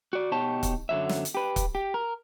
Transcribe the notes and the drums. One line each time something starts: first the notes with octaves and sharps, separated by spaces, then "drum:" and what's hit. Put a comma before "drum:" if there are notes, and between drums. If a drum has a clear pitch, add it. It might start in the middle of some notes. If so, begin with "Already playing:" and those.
F#4 D5
B2 D#4 G4 C#5 A5
drum: kick, hi-hat
F#2 D3 F#3 E5
drum: snare
drum: hi-hat
G4 B4
drum: kick, hi-hat
G4
A#4